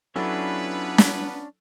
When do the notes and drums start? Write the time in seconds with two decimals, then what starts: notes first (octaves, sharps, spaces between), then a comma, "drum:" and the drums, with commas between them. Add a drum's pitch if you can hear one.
0.16 F#3 B3 C#4 D4 E4 F4 A4 B4
0.98 drum: snare